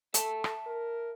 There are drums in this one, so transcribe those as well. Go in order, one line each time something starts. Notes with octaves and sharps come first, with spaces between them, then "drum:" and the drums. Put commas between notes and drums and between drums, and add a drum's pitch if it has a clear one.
A4 E5 A5, drum: hi-hat
drum: rim click
A#4